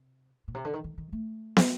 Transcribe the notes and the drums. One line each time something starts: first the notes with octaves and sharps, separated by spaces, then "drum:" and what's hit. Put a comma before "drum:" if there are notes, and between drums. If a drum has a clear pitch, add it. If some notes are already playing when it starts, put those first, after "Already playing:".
Already playing: C3
A#2
C3
D3
D#3
D#3
D#3
A3
drum: snare